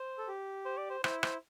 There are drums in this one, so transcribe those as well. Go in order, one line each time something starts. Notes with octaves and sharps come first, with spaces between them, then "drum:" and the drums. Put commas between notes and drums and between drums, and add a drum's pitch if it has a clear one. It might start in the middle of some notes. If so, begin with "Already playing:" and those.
Already playing: C5
A4
G4
C5
D5
C5
E4 C5, drum: rim click
C5, drum: rim click